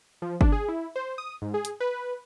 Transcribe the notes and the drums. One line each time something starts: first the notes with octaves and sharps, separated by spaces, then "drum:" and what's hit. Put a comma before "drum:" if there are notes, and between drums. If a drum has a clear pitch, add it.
F3
D4, drum: kick G1
G#4
E4
C5
D#6
G#2
G#4
drum: hi-hat
B4